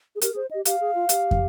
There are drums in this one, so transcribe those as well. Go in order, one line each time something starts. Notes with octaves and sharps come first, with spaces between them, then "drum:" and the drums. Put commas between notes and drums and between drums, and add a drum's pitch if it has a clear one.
G#4
G4 A#4, drum: hi-hat
G#4
C5
G4 D#5
G4 F5, drum: hi-hat
G#4
F4
G4, drum: hi-hat
drum: kick